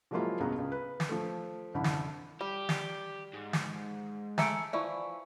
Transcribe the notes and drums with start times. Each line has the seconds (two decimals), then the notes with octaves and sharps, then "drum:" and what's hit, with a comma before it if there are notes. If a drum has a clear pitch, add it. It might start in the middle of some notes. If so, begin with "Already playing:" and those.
0.11 F3 F#3 G#3 A#3 E4 F4
0.40 C#2 G2 B3 G#4 A#5
0.58 C#2
0.72 B4
1.00 drum: snare
1.09 F3 A3
1.74 F#1 C2 D3 B5
1.84 drum: snare
2.41 G3 G4
2.69 drum: snare
3.34 G#2
3.53 drum: snare
4.38 A3 E5 G#5 A#5 C#7 D7, drum: snare
4.73 E3 F3 E4 D5 C#6